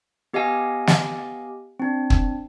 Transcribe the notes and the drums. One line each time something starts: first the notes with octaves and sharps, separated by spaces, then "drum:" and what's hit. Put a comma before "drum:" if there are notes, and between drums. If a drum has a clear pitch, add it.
B3 G4 D#5 F5 G#5
drum: snare
C4 D4
drum: kick